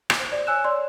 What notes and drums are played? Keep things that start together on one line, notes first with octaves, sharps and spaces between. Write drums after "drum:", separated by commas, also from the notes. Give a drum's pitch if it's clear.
drum: rim click
C5
D5
C#5 G#5 E6 F#6 E7
C#5 D5 C6